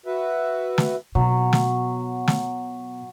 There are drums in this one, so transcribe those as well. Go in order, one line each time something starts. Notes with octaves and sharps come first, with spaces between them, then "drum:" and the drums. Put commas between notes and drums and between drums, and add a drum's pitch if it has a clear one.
F#4 B4 E5
drum: snare
B2 F#3
drum: snare
drum: snare